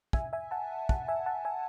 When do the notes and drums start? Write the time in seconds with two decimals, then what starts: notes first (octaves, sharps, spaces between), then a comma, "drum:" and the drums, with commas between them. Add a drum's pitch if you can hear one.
0.13 E5 G#5, drum: kick
0.33 E5 G#5
0.51 F#5 A5
0.89 F#5 A5, drum: kick
1.08 E5 G#5
1.26 F#5 A5
1.45 E5 G#5